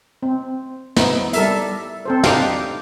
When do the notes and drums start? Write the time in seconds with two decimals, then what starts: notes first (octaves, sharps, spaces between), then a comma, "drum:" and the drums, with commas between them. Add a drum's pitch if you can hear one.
0.23 C4
0.96 B3 D#4 E4, drum: snare
1.33 G3 A4 A#4 E5, drum: hi-hat
2.05 C4 A4 C5
2.23 D4 D#4 G4 F5, drum: snare